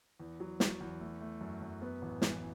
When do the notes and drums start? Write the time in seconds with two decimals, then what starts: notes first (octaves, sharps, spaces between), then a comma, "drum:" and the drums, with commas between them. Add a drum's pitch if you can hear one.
0.20 E2
0.40 F#3
0.60 F#3, drum: snare
0.80 E2
1.00 A3
1.21 A3
1.41 F#2
1.62 F#2
1.82 B3
2.02 A1
2.22 E3, drum: snare